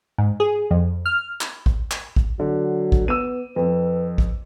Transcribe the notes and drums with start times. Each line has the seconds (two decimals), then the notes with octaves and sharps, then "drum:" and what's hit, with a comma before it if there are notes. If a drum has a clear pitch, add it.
0.18 G#2
0.40 G#4
0.71 F2
1.06 F6
1.41 drum: clap
1.66 drum: kick
1.91 drum: clap
2.16 drum: kick
2.40 D3 F#3
2.92 drum: kick
3.08 B3 E6 D#7
3.56 F2 B4
4.18 drum: kick